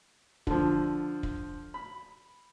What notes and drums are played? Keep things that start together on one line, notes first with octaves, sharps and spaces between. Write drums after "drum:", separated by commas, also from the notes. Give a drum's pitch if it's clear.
D3 F3, drum: kick
drum: kick
B5